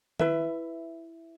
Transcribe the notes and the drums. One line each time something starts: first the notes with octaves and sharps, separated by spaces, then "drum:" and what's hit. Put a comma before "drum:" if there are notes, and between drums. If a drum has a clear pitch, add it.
E4 B4 E5, drum: tom D#3